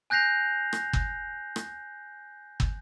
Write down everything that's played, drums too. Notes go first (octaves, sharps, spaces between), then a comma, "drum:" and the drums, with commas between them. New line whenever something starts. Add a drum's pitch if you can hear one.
G#5 F#6 G6 A#6 C7 F7
drum: rim click
drum: kick
drum: rim click
drum: kick